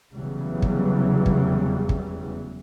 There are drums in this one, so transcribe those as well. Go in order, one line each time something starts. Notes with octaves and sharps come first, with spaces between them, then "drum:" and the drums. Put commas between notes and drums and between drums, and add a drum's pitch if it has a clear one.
F1 E2 C#3 E3 F#3 G3
drum: kick
drum: kick
drum: kick